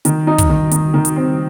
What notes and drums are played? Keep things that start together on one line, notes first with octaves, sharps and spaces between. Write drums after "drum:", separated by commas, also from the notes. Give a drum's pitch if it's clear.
D#3, drum: hi-hat
D#4
drum: kick, hi-hat
D#3
D#3, drum: hi-hat
D#3
drum: hi-hat
C4